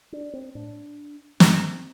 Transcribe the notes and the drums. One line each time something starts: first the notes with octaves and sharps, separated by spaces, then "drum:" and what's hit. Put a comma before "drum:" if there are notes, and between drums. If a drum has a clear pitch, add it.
D4
C4
A2 D4
G2 C4, drum: snare